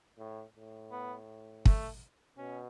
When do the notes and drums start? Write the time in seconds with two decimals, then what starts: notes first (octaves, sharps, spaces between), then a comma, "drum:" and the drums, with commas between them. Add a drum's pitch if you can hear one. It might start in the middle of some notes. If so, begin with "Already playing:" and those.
0.19 A2
0.56 A2
0.91 B3
1.66 A3, drum: kick
2.37 B2 C#4